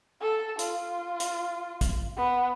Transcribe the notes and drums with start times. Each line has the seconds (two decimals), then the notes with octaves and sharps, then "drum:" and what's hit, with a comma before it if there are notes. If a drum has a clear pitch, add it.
0.21 A4
0.59 F4, drum: hi-hat
1.20 drum: hi-hat
1.81 drum: kick, hi-hat
2.17 B3